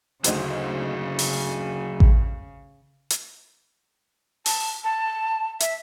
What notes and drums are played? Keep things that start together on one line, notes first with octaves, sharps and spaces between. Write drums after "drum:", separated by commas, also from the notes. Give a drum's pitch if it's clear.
D2 C#3 F#3 D#4 F#4 G#4 C5, drum: hi-hat
drum: open hi-hat
drum: kick A1
drum: hi-hat
A5, drum: open hi-hat
A5
E5, drum: hi-hat